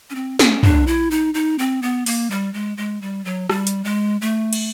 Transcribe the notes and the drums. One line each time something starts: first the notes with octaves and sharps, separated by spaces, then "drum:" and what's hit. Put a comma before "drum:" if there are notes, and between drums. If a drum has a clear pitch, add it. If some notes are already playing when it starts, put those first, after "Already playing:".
C#4
C4
C#4, drum: snare
D4, drum: tom
E4
D#4
D#4
C4
B3
A#3, drum: open hi-hat
G3
G#3
G#3
G3
F#3
G3, drum: rim click
drum: hi-hat
G#3
A3
drum: cymbal